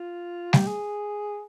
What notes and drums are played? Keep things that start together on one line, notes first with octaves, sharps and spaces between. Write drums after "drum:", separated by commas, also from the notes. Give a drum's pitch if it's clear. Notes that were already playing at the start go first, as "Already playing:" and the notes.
Already playing: F4
G4, drum: snare G3
G#4